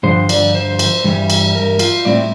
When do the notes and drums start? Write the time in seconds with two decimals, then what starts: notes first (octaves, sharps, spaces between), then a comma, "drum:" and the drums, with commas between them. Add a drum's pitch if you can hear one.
0.03 G2 D3 F3 C5
0.29 D5, drum: cymbal
0.55 C5
0.79 drum: cymbal
1.04 G2 E3 G3
1.30 drum: cymbal
1.55 A#4
1.79 F4, drum: cymbal
2.05 A2 G3 C4 E4 D5